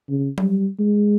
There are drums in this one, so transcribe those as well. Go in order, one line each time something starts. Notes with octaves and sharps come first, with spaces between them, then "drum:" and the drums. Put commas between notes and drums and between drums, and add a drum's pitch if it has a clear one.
C#3
G3, drum: tom F#3
G#3